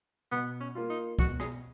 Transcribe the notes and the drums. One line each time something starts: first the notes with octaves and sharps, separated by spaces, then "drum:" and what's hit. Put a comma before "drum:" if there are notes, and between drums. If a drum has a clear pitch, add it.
B2 B3
C#4
A#3 F4
D#4
B2 F#4, drum: kick C2
G#4, drum: rim click